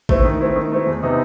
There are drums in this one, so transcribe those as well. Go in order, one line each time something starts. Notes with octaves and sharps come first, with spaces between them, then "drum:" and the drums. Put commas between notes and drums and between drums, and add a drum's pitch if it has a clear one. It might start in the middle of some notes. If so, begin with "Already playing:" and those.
A3 C4 E4, drum: kick G#1
D#3
A3 C4 E4
D#3
A3 C4 E4
E2
C3 E3 B3 D#4